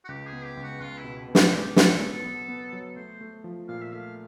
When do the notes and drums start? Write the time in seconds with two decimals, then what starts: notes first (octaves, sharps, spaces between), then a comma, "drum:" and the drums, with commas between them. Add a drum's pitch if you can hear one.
0.05 F#4
0.08 C#2 G4
0.27 G#4
0.33 B3
0.45 G4
0.57 C#2
0.63 F#4
0.81 C#2 F4
0.98 E4
1.04 B2
1.28 B2
1.35 D#4, drum: snare
1.52 B3 G4
1.76 F#3 A4, drum: snare
2.01 B3 A4
2.25 B3
2.48 B3
2.73 F#3
2.97 A3 C5
3.21 A3
3.44 F3
3.68 A#2 F5
3.81 E5
3.93 A3 F5